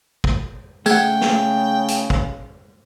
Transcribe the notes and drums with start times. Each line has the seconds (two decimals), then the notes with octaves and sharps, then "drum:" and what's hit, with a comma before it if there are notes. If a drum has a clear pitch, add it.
0.24 drum: kick
0.86 C#3 A3 G#4 F#5 G5, drum: tambourine
1.21 drum: snare
1.88 drum: hi-hat
2.10 drum: kick